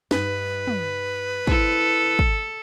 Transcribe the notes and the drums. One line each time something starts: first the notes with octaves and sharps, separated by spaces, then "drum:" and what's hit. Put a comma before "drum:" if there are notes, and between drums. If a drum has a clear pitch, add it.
G2 D#4 B4, drum: snare
drum: tom
E4 A4 C5, drum: kick
drum: kick